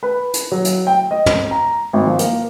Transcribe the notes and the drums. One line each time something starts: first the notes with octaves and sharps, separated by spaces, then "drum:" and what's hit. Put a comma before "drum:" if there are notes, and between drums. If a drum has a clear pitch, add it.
B4
drum: hi-hat
F#3
drum: hi-hat
G5
D#5
drum: tom
A#5
G#1
F3
A#3, drum: hi-hat